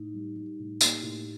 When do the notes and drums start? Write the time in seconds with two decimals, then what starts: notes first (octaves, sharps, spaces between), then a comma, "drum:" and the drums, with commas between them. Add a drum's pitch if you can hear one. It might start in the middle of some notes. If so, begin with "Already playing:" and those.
Already playing: A2 D#4
0.14 G3
0.36 G3
0.59 A2
0.81 A#3 G4, drum: tambourine
1.03 A2